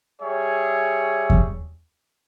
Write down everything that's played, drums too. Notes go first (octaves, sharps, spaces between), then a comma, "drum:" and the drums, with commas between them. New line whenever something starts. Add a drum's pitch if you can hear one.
G3 G#4 C#5 E5
drum: kick E2